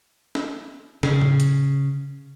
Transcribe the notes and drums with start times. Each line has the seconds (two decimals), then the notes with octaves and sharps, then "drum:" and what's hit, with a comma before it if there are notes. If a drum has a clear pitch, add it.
0.35 drum: snare
1.03 C#3, drum: snare
1.21 drum: tom A2
1.40 drum: hi-hat